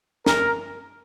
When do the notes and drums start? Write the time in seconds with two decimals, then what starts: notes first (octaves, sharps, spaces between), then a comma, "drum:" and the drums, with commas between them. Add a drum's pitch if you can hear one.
0.26 A#4, drum: snare